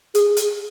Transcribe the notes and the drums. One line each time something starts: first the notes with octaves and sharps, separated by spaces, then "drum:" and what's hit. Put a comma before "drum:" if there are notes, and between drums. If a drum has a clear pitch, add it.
G#4, drum: hi-hat
drum: hi-hat